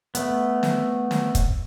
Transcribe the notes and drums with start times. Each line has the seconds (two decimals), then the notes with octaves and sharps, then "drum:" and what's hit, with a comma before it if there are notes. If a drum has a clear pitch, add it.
0.15 A3 B3, drum: hi-hat
0.63 drum: snare
1.11 drum: snare
1.35 drum: kick, hi-hat